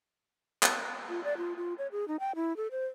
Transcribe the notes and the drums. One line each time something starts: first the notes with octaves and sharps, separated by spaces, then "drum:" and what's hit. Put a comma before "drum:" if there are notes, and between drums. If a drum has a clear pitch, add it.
drum: clap
F4
D5
F4
F4
C#5
G#4
D#4
G5
E4
A4
C5